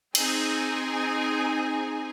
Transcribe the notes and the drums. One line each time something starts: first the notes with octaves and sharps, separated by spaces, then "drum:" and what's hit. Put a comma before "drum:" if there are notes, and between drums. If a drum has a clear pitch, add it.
C4 D#4 G#4 G#5, drum: cymbal